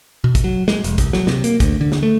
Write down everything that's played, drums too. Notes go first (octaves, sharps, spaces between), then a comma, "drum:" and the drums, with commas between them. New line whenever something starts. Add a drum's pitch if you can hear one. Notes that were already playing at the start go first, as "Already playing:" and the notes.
B2
drum: kick, hi-hat
F#3
G#3, drum: snare
F1, drum: hi-hat
C2, drum: kick, hi-hat
F#3, drum: snare
C3, drum: snare
A#3, drum: hi-hat
D2, drum: kick, hi-hat
D3
drum: snare
A3